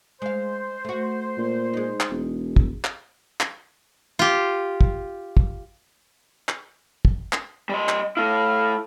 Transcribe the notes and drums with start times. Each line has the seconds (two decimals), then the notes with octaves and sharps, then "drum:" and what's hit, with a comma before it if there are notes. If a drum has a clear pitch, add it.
0.22 G#3 C5 F5
0.85 A3 F#4
1.38 A#2
1.74 G#3 D#4
2.00 drum: clap
2.11 E1
2.56 drum: kick
2.84 drum: clap
3.41 drum: clap
4.19 F4 G4
4.81 drum: kick
5.37 drum: kick
6.49 drum: clap
7.05 drum: kick
7.33 drum: clap
7.69 G3 D#5
7.89 drum: clap
8.17 A3 E4 F5